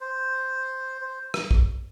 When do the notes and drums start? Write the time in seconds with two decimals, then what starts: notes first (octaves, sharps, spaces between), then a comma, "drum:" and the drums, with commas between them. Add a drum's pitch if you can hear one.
0.01 C5
1.01 C5
1.34 drum: rim click
1.51 drum: kick